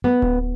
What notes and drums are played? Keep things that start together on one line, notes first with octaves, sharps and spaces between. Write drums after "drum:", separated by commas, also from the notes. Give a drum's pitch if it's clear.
B3
drum: kick D1